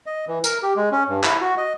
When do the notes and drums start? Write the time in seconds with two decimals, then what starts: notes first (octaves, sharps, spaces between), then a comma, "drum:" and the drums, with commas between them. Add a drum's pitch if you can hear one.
0.06 D#5
0.27 E3
0.44 A#4, drum: tambourine
0.63 G4
0.76 G#3
0.92 C#4
1.08 G2
1.24 E4, drum: clap
1.41 F#4
1.57 D#5